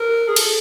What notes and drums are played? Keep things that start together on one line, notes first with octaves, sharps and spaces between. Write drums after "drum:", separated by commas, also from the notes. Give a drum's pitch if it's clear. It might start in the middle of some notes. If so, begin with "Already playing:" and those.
Already playing: A#4
G#4
A4, drum: cymbal